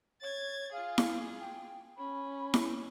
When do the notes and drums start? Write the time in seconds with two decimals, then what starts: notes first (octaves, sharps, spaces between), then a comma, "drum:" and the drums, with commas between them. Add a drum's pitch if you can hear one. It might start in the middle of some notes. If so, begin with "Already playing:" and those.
0.22 C#5 G#6 A6
0.72 F4 G#4 F5
0.98 drum: snare E4
1.40 G5
1.97 C#4 B5
2.54 drum: snare E4